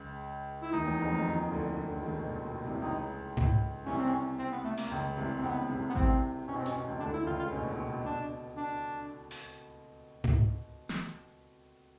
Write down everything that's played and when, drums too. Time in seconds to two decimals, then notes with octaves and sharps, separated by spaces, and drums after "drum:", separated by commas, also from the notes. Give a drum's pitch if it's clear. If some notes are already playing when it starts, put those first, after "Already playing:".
Already playing: C#2 C#3
0.62 E4
0.73 D#2 D#3 D#4
0.86 E2 E3
0.99 F2 F3
1.12 F2 F3
1.25 D#2 D#3
1.51 D2 D3
1.78 D2 D3
1.90 C#2 C#3
2.03 D#2 D#3
2.16 B2
2.30 A#2
2.46 B2
2.65 C2 C3
2.82 C#2 C#3 D#4
3.37 drum: tom G#2
3.86 C2 C3 C#4
3.98 C4
4.08 C#4
4.39 C4
4.52 B3
4.65 A3
4.77 A#3, drum: open hi-hat
4.91 C#2 C#3
5.17 C2 C3
5.39 C4
5.43 C#2 C#3 B3
5.58 C#3
5.70 C2 C3
5.90 B3
5.95 C2 C3 C4, drum: kick A1
6.48 B2 C#4
6.57 C4
6.61 B2
6.66 C#4, drum: hi-hat
6.74 B2
6.87 C#2 C#3
7.00 D2 D3 D4
7.13 E4
7.18 D3
7.26 C#2 C#3 F4
7.39 F4
7.52 B2 C#4
7.62 A#2
7.70 B2
7.88 B2
8.04 B2 D4
8.57 D4
9.31 drum: open hi-hat
10.24 drum: tom G#2
10.89 drum: snare